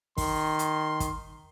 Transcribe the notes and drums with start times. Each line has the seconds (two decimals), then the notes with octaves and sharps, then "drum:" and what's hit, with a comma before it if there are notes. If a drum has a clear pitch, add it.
0.18 D#3 C6, drum: kick, open hi-hat
0.59 drum: hi-hat
1.00 drum: kick, hi-hat